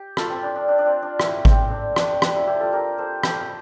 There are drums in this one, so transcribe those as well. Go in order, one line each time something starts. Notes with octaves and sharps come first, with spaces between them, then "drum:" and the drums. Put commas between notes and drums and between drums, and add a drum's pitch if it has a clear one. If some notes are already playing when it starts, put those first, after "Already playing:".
Already playing: G4
F4 A4, drum: rim click
C4
D4
D4
D4
D4
C4
D4
E4, drum: rim click
C4, drum: kick G#1
D4
D4, drum: rim click
D4, drum: rim click
E4
E4 G4
F4 A4
G4 A#4
A4 C5
A4 C5, drum: rim click